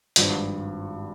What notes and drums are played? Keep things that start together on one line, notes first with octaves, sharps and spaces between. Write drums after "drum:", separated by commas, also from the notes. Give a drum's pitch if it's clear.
G#1 G2 F3, drum: hi-hat